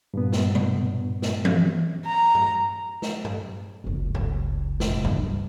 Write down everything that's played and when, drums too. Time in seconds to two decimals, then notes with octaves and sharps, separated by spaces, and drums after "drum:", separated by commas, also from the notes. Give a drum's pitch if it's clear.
0.14 G2 A#2 B3
0.32 drum: snare
0.55 drum: tom B2
1.22 drum: snare
1.45 drum: tom E3
2.06 A#5
2.35 drum: tom G2
3.02 drum: snare
3.25 drum: tom G2
3.84 F#1 C#2
4.15 drum: tom G2
4.80 F1 A#2, drum: snare
5.04 C#2 G2, drum: tom G2